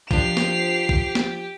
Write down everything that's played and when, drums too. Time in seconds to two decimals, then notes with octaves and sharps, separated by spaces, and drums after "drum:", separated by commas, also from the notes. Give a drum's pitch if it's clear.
0.11 F3 D4 G4 C7 F7, drum: kick
0.37 drum: snare
0.89 drum: kick
1.15 drum: snare